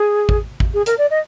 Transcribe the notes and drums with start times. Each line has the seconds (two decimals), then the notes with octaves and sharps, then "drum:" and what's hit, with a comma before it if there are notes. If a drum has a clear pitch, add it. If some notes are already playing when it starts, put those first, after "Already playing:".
Already playing: G#4
0.29 drum: kick
0.60 drum: kick
0.74 G#4
0.86 A#4, drum: hi-hat
0.98 D5
1.11 D#5